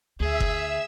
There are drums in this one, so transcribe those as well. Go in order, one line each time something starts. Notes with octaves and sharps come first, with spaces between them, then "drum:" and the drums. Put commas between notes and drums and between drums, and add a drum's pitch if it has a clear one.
D2 G#4 E5 E6
drum: kick F#1